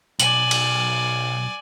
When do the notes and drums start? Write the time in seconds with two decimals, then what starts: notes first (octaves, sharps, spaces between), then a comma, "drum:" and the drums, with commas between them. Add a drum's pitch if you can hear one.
0.20 B1 D5 G#5 F#7, drum: hi-hat
0.51 drum: cymbal